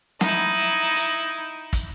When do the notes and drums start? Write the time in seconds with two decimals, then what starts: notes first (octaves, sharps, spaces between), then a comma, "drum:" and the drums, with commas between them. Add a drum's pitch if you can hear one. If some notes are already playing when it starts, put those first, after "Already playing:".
0.21 D#4 E4, drum: snare
0.97 drum: hi-hat
1.73 drum: kick, hi-hat